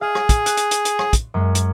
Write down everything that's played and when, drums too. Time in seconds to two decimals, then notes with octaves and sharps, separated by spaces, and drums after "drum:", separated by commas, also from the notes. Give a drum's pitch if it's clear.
0.01 G#4 F5
0.15 drum: rim click
0.29 drum: kick, hi-hat
0.46 F#6, drum: hi-hat
0.57 drum: hi-hat
0.71 drum: hi-hat
0.85 drum: hi-hat
0.99 drum: rim click
1.13 drum: kick, hi-hat
1.34 F#2 G#3
1.55 drum: hi-hat